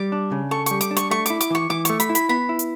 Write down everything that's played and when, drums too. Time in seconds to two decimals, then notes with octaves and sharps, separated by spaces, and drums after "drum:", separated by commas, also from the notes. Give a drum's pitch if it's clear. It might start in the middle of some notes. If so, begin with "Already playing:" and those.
Already playing: G3 D6
0.12 D4
0.32 C#3
0.51 A4 C#6
0.66 G3 C#6, drum: hi-hat
0.81 D6, drum: hi-hat
0.91 D4
0.97 C#6, drum: hi-hat
1.11 A3 C#6
1.26 E4 D6, drum: hi-hat
1.41 D6, drum: hi-hat
1.50 E3 C#6
1.70 E3 D6
1.85 A3 C#6, drum: hi-hat
2.00 B5, drum: hi-hat
2.10 E4
2.15 B5, drum: hi-hat
2.29 B3 B5
2.49 E4
2.59 drum: hi-hat